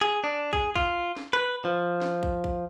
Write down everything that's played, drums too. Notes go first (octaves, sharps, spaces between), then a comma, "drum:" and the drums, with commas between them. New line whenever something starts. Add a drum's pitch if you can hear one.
G#4
D4
G#4, drum: kick
F4, drum: kick
drum: snare
B4
F3
drum: snare
drum: kick
drum: kick